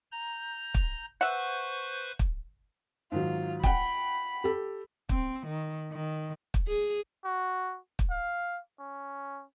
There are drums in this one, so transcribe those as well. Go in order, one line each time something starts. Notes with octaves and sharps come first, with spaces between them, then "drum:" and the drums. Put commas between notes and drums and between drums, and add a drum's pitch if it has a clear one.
A#5 G6
drum: kick
B4 C5 E5 F#5 C#6
drum: kick
G#2 D#3 F#3 F4
F#5 G5 B5, drum: kick
G4 A4
C4, drum: kick
D#3
D#3
drum: kick
G#4
F#4
drum: kick
F5
C#4